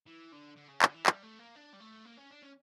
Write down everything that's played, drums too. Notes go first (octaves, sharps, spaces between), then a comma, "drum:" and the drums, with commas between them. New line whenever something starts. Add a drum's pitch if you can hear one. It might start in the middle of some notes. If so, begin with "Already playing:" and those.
E3
D3
D3
C#3
D3, drum: clap
E3
G3, drum: clap
A3
A#3
D4
G3
A3
A#3
C#4
D4
C#4